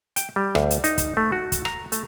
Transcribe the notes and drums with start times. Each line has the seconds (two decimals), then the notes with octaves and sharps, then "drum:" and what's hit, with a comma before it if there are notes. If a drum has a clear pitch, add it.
0.16 G5, drum: hi-hat
0.36 G3
0.55 D2, drum: rim click
0.71 drum: hi-hat
0.84 D#4, drum: hi-hat
0.98 drum: kick, hi-hat
1.17 A3
1.32 F#4
1.52 drum: kick, hi-hat
1.65 A#5, drum: rim click
1.92 A3, drum: hi-hat